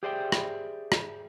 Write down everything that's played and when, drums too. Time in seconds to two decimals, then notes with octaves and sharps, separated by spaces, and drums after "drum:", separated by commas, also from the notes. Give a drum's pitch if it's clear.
0.03 G4 G#4 C5 D5 E5 G5
0.32 drum: rim click
0.92 drum: rim click